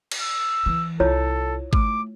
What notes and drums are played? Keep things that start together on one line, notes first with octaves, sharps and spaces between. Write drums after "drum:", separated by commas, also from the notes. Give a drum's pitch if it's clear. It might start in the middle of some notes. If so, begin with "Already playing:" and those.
drum: cymbal
E6
E3
C2 E4 F4 A4 C#5
A3 D6, drum: kick